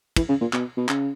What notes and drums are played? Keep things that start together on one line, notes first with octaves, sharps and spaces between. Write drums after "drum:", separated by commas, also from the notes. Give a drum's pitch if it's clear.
E3, drum: kick, cymbal
C#3
A#2
B2, drum: clap
B2
C#3, drum: clap